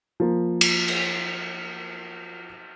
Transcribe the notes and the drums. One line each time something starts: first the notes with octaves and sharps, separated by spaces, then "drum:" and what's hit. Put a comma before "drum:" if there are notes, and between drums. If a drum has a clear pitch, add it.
F3 A#3
drum: cymbal
drum: cymbal